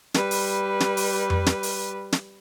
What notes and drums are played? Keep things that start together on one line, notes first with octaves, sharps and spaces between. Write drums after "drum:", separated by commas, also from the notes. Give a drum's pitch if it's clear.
G3 B4, drum: snare
drum: open hi-hat
drum: snare
drum: open hi-hat
drum: tom F2
drum: snare
drum: open hi-hat
drum: snare